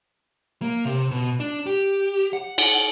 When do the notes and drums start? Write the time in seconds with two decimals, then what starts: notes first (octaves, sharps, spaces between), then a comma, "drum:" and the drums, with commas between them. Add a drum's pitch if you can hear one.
0.62 A#3
0.85 C3
1.11 B2
1.40 D4
1.66 G4
2.33 F#5
2.58 drum: cymbal